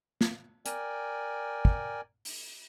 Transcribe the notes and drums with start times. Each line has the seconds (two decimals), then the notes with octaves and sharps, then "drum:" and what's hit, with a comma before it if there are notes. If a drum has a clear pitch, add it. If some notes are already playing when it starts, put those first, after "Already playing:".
0.21 drum: snare
0.66 A#4 D5 G5 G#5, drum: hi-hat
1.65 drum: kick
2.25 drum: open hi-hat